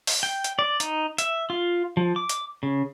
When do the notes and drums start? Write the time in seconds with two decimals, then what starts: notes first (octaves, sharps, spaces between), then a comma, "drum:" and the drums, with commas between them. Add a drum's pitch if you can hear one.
0.07 drum: open hi-hat
0.23 G5
0.44 drum: hi-hat
0.59 D5
0.80 D#4, drum: hi-hat
1.18 E5, drum: hi-hat
1.50 F4
1.97 F3
2.16 D6
2.29 drum: hi-hat
2.63 C#3